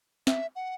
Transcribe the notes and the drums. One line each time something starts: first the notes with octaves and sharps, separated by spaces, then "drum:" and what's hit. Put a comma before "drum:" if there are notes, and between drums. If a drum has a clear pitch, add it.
E5, drum: snare
F#5